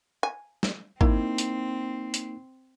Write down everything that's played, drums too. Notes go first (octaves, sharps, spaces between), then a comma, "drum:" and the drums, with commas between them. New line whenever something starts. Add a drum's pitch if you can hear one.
G#5
drum: snare
A#3 C4 D#4 E4, drum: kick
drum: hi-hat
drum: hi-hat